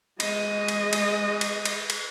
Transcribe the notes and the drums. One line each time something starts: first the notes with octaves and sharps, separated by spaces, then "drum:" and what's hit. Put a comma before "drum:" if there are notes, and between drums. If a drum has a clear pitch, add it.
G#3 D#5, drum: cymbal
drum: cymbal
drum: cymbal
drum: cymbal
drum: cymbal
drum: cymbal